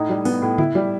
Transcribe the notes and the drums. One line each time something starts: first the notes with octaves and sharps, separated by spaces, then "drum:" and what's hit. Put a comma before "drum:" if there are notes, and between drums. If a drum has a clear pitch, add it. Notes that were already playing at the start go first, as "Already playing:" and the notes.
Already playing: A2 D#4
G3
B3, drum: open hi-hat
A2
E4, drum: tom C#3
G3